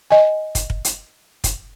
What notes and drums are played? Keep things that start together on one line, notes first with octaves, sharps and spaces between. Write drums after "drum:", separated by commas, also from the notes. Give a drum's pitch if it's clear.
D#5 G#5
drum: kick, hi-hat
drum: kick
drum: hi-hat
drum: kick, hi-hat